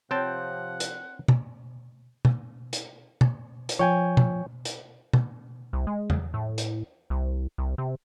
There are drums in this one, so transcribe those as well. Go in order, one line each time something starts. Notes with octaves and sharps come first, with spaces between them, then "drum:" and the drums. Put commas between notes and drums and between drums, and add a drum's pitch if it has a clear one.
C3 F3 C4 C#5 F#5 G5 A5
drum: hi-hat
drum: tom B2
drum: tom B2
drum: hi-hat
drum: tom B2
drum: hi-hat
F3 C#5 G5 G#5
drum: tom B2
drum: hi-hat
drum: tom B2
C2
G#3
drum: tom E2
A2
drum: hi-hat
C2
C2
C3